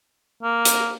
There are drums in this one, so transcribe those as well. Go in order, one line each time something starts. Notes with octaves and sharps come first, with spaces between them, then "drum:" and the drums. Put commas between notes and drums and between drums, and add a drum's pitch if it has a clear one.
A#3
drum: hi-hat